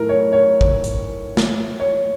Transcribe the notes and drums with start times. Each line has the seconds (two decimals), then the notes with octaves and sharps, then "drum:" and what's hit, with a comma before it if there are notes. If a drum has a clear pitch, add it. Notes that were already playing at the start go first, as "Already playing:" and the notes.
Already playing: A2 E3 A3 A#4
0.09 C#5
0.33 C#5
0.61 drum: kick
0.84 drum: hi-hat
1.37 drum: snare
1.80 C#5